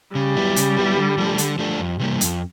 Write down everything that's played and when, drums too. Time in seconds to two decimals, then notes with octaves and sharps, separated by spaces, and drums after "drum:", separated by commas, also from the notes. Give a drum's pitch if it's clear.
0.15 C#3 G3
0.36 F#3 B3 E4
0.56 C#3, drum: hi-hat
0.77 F#3 B3 E4
0.97 D3
1.18 F3 A3 D4
1.38 D3, drum: hi-hat
1.59 F3 A3 D4
1.79 F2
1.99 C3 E3 G3 A#3
2.21 F2, drum: hi-hat